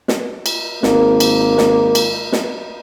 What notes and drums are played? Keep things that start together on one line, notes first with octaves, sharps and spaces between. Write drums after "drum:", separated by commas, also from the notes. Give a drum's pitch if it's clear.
drum: snare
drum: cymbal
G#1 A#3, drum: snare
drum: cymbal
drum: snare
drum: cymbal
drum: snare